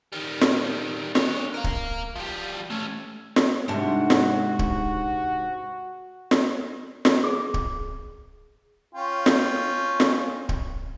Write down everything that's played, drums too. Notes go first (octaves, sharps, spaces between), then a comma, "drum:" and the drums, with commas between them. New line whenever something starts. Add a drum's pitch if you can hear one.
D#3 G3
drum: snare
D4 C#5, drum: snare
A#4 F5
drum: kick D1
F3 G3
A3 C#4
drum: snare
G#2 C3 D4 F#4
drum: snare
drum: kick D1
drum: snare
drum: snare
G#4
drum: kick D1
C#4 F4 G5
drum: snare
drum: snare
drum: kick D1